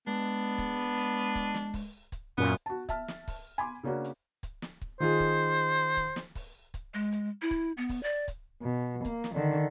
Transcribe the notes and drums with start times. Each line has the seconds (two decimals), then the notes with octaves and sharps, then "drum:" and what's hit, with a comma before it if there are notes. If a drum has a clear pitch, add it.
0.07 G#3 B3 D4
0.58 drum: kick C#1, hi-hat
0.97 drum: hi-hat
1.35 drum: kick C#1, hi-hat
1.54 drum: snare
1.74 drum: kick C#1, open hi-hat
2.12 drum: kick C#1, hi-hat
2.38 F#2 A#2 B3 C#4
2.51 drum: hi-hat
2.66 F#4 A5
2.89 E5 A5 F6, drum: kick C#1, hi-hat
3.08 drum: snare
3.28 drum: kick C#1, open hi-hat
3.58 G#5 B5 C6 D6
3.83 C#3 A#3 C#4 D4 F#4
4.05 drum: hi-hat
4.43 drum: kick C#1, hi-hat
4.62 drum: snare
4.81 drum: kick C#1
5.00 D#3 F4 G#4 C5
5.20 drum: kick C#1
5.97 drum: kick C#1, hi-hat
6.16 drum: snare
6.35 drum: kick C#1, open hi-hat
6.74 drum: kick C#1, hi-hat
6.94 G#3
7.12 drum: hi-hat
7.42 E4
7.51 drum: kick C#1, hi-hat
7.77 B3
7.89 drum: kick C#1, open hi-hat
8.03 D5
8.28 drum: kick C#1, hi-hat
8.62 B2
9.05 A#3, drum: kick C#1, hi-hat
9.24 drum: snare
9.35 D3 D#3